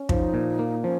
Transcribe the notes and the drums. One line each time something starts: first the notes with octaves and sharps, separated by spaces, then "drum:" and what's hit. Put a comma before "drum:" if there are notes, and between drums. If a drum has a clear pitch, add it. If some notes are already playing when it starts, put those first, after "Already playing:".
Already playing: C#4
F3 D#4, drum: kick
A#2
A#3
F3 C#4